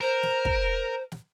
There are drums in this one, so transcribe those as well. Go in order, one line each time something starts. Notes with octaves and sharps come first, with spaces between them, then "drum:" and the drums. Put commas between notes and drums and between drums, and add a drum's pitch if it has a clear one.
A#4 C5
drum: snare
drum: kick
drum: snare